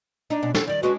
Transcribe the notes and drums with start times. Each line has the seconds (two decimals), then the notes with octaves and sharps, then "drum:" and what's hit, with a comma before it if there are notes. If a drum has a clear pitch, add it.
0.30 D4 D#4
0.43 B2 C#4
0.55 E2 C#4 A4, drum: snare
0.67 D#3 G3 D5
0.83 G#3 C#4 D4 F#4 B4